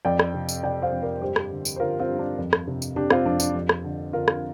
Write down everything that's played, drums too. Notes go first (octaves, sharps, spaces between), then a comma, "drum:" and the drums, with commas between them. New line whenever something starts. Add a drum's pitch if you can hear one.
F2 D5 G5
drum: rim click
C3
drum: tambourine
C3 D5 G5
C5 F5
F2
A#4 D5
G2 G4 C5
drum: rim click
D3
drum: tambourine
C5
D3 F4 A#4
C4 F4
G2
D4
F2
drum: rim click
C3
drum: tambourine
C3 D4 G4
C4 F4, drum: rim click
F2 D4
D4, drum: tambourine
F2
drum: rim click
D3
D3 F4 A#4
drum: rim click